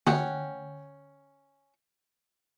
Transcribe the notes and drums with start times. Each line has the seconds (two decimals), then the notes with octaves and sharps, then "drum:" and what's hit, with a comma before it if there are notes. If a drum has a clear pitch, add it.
0.07 C#4 F#5 G5, drum: tom D3